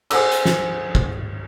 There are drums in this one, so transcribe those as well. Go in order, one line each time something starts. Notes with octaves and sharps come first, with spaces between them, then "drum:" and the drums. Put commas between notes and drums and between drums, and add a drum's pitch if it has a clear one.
G#4 C5 F#5 D6 E6, drum: cymbal
drum: hi-hat
drum: snare
drum: kick